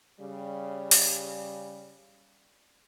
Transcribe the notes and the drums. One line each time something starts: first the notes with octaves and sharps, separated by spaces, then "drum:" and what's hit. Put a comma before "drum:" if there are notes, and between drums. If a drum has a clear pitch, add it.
C#3 G3
drum: open hi-hat